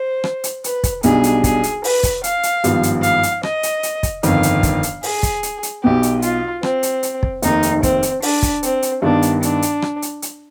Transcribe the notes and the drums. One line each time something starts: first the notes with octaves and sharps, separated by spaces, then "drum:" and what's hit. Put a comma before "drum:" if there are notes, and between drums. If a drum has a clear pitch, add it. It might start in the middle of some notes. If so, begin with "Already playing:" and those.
Already playing: C5
drum: rim click
drum: hi-hat
B4, drum: hi-hat
drum: kick, hi-hat
B1 B2 G3 D4 G#4, drum: hi-hat
drum: hi-hat
G#4, drum: kick, hi-hat
drum: hi-hat
B4, drum: open hi-hat
drum: kick, hi-hat
F5, drum: hi-hat
drum: hi-hat
G#1 G2 F3 B3 F4, drum: hi-hat
drum: hi-hat
F5, drum: hi-hat
drum: hi-hat
D#5, drum: rim click
drum: hi-hat
drum: hi-hat
drum: kick, hi-hat
G1 F2 D#3 F5, drum: hi-hat
drum: hi-hat
drum: kick, hi-hat
drum: hi-hat
G#4, drum: open hi-hat
drum: kick, hi-hat
drum: hi-hat
drum: hi-hat
B1 B2 B3 G4
drum: hi-hat
F4, drum: hi-hat
C4, drum: rim click
drum: hi-hat
drum: hi-hat
drum: kick
F1 D#2 D#3 D#4, drum: hi-hat
drum: hi-hat
C4, drum: kick, hi-hat
drum: hi-hat
D4, drum: open hi-hat
drum: kick, hi-hat
C4, drum: hi-hat
drum: hi-hat
G2 D#3 B3 D4
drum: hi-hat
D4, drum: hi-hat
drum: hi-hat
drum: rim click
drum: hi-hat
drum: hi-hat